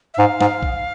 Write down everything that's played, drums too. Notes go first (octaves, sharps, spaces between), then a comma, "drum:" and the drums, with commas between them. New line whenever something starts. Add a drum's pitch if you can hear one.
E5
G#2 F5
G#2, drum: snare
drum: kick A#1